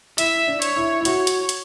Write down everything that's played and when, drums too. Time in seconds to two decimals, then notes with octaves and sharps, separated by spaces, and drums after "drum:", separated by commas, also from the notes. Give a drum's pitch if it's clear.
0.18 E4 E5, drum: hi-hat
0.47 D4
0.62 C#5, drum: hi-hat
0.77 E4
1.01 E4
1.05 F#4 C#5, drum: hi-hat
1.27 drum: hi-hat
1.49 drum: hi-hat